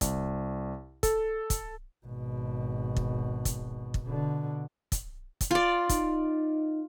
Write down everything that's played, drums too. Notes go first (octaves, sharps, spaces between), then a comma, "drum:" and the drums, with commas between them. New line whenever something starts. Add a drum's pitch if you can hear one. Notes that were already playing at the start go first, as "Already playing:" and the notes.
C2, drum: kick, hi-hat
A4, drum: kick, hi-hat
drum: kick, hi-hat
G#1 B2
drum: kick
drum: kick, hi-hat
drum: kick
B2 D3
drum: kick, hi-hat
drum: kick, hi-hat
F4 D5
D#4, drum: kick, hi-hat